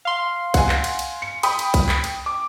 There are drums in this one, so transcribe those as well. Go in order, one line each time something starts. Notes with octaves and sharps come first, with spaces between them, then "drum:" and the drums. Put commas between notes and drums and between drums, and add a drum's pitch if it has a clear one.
F5 C6
F#5 G#5, drum: kick B1, cymbal
drum: clap
drum: cymbal
drum: cymbal
C#7
G5 B5 D#6, drum: cymbal
drum: cymbal
drum: kick B1, cymbal
drum: clap
drum: cymbal
D6